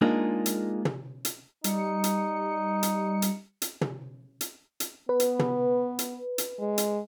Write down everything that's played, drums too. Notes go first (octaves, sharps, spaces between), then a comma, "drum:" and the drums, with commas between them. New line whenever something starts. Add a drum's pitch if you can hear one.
G#3 A#3 D4 D#4 F4 G#4
drum: hi-hat
drum: tom
drum: hi-hat
G3 D#4 C#7, drum: hi-hat
drum: hi-hat
drum: hi-hat
drum: hi-hat
drum: hi-hat
drum: tom
drum: hi-hat
drum: hi-hat
B3 B4
drum: hi-hat
drum: tom
drum: hi-hat
drum: hi-hat
G#3
drum: hi-hat